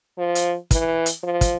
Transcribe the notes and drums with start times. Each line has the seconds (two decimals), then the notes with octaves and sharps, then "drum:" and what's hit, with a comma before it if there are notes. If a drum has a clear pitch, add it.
0.18 F3
0.35 drum: hi-hat
0.71 E3, drum: kick, hi-hat
1.06 drum: hi-hat
1.23 F3
1.41 drum: kick, hi-hat